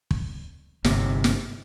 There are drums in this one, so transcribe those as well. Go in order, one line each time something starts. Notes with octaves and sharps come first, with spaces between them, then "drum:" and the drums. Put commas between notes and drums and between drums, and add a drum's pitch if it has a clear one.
drum: kick
G1 C3, drum: snare
drum: snare